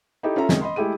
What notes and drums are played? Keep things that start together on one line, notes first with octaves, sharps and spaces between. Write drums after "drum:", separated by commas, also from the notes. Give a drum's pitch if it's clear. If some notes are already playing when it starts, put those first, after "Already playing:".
D#4 E4 G4 A4
C#4 F4 A4 E5 A#5
F#2 C3 D#3 G#3 C#4, drum: snare
D#5 B5 C6
G#3 A3 E4 G4 A4 D#7